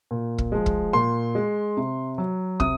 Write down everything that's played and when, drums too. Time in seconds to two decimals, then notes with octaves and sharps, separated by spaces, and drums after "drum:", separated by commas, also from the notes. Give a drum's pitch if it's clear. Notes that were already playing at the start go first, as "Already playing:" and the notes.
0.11 A#2
0.38 drum: kick
0.52 F3 G#3
0.66 drum: kick
0.93 A#2 C6
1.35 G#3
1.77 C3
2.18 F#3
2.60 C3 D#6, drum: kick